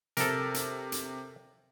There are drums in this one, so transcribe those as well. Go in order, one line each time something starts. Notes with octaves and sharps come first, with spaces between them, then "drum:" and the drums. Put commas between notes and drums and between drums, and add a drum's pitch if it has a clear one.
C3 A4 A#4, drum: hi-hat
drum: hi-hat
drum: hi-hat